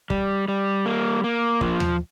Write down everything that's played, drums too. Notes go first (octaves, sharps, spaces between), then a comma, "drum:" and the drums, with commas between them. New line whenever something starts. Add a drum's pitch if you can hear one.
G3, drum: kick
G3
A#3
A#3
F3, drum: kick
drum: tom D#2